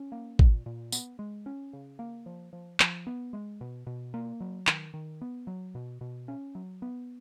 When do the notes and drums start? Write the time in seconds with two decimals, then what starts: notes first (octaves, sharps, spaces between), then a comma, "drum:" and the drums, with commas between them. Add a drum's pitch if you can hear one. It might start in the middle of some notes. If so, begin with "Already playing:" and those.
Already playing: C#4
0.12 A#3
0.39 A#2, drum: kick G#1
0.66 A#2
0.92 B3, drum: tambourine
1.19 G#3
1.46 C#4
1.73 C#3
1.99 A#3
2.26 F3
2.53 F3
2.80 F3, drum: clap
3.07 B3
3.33 G#3
3.61 B2
3.87 B2
4.14 A#3
4.40 F#3
4.67 D#3, drum: clap
4.94 D#3
5.21 B3
5.47 F#3
5.75 B2
6.01 B2
6.28 C#4
6.55 F#3
6.82 B3